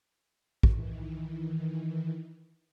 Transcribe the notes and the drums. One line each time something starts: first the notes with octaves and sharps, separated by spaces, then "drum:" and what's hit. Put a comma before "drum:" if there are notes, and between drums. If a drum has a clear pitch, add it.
D#3 E3, drum: kick